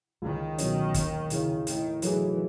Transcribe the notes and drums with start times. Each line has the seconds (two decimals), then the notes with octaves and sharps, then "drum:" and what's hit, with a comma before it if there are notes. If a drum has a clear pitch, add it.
0.22 C#2 D#3
0.58 B2 F#3 C#4, drum: hi-hat
0.94 D#2, drum: kick, hi-hat
1.30 C#3 E3, drum: hi-hat
1.67 A2 D#3, drum: hi-hat
2.02 E3 F#3 A3 D#4 G#4, drum: hi-hat